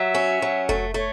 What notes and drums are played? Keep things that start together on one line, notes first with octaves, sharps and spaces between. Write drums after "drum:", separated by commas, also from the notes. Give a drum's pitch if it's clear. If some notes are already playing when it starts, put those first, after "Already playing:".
Already playing: F#3 E5
C#4
F#3
A3, drum: kick F1
A3 C#5